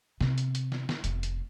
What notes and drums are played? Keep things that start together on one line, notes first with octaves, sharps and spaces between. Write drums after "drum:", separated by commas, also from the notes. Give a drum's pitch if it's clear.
C3, drum: snare
drum: hi-hat
drum: hi-hat
drum: snare
drum: snare
F1, drum: hi-hat
drum: hi-hat